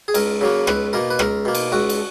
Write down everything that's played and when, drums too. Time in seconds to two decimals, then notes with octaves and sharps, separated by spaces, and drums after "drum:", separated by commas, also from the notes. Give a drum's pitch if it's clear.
0.08 G#4
0.14 C#2 A#4, drum: cymbal
0.41 C#3 F#3 A#3
0.67 C#2 B4, drum: rim click
0.93 B2 A#3 A#4
1.10 B4
1.19 C#2 A#4, drum: rim click
1.45 B2 A#3
1.55 drum: cymbal
1.72 C#2 F#4
1.89 drum: cymbal